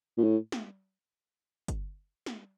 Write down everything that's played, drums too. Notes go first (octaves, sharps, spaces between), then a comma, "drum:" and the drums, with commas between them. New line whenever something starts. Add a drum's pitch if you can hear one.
A#2
A2
drum: snare
drum: kick G1, hi-hat
drum: snare